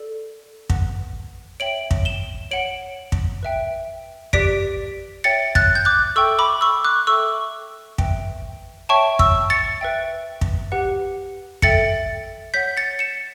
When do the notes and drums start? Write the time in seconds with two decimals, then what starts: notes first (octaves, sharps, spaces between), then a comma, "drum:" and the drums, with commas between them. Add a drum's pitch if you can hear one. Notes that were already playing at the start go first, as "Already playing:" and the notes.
Already playing: A4 D5
0.70 B4 F#5, drum: kick
1.60 C#5 E5 G5 D7 F#7
1.91 drum: kick
2.05 E7 G7
2.51 C#5 F#5 D7 F#7
3.12 drum: kick
3.43 B4 E5 G5
4.33 G4 B4 D5 B6 D7, drum: kick
5.24 C#5 E5 G5 A6 C#7
5.55 F#6 A6, drum: kick
5.75 G6
5.85 D6 F#6
6.16 A4 E5 G5 C#6 E6
6.39 B5 D6
6.61 C#6 E6
6.84 D6 F#6
7.07 A4 E5 G5 C#6 E6
7.98 B4 E5 G5, drum: kick
8.89 C#5 E5 G5 A5 C#6
9.19 C#6 E6, drum: kick
9.50 A6 C#7
9.81 B4 E5 G5
10.41 drum: kick
10.72 G4 B4 F#5
11.62 A4 E5 G5 A6 C#7, drum: kick
12.54 C#5 F#5 G6 B6
12.77 A6 C#7
12.99 C#7 E7